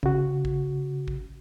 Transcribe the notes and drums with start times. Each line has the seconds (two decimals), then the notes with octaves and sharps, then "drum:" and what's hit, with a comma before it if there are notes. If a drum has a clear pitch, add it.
0.03 C#3 F#4, drum: kick
0.45 drum: kick
1.08 drum: kick